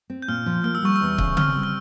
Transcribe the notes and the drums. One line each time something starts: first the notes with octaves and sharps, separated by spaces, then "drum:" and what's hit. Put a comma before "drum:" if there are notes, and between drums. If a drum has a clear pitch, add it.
C4
G6
A#2 F6
F3
A#3 F6
E6
G3 C#6
E6
E2
C#3, drum: kick C#1
C4 F6, drum: tom C#3
G3
F6